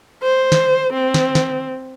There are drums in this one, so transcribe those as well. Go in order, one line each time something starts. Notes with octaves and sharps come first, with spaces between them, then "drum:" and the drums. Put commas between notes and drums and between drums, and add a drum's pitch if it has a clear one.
C5
drum: snare
C4
drum: snare
drum: snare